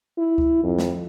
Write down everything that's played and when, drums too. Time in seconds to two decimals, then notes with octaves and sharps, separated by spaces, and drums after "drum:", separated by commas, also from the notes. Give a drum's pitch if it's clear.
0.18 E4
0.38 drum: kick C#2
0.63 F2
0.79 drum: snare